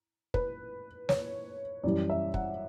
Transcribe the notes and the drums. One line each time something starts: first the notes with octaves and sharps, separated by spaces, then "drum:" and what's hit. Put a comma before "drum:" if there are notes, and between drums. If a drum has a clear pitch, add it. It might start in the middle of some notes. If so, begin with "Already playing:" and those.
B4, drum: kick
C#5, drum: snare
F#2 E3 G3 D5
E5
F#5, drum: kick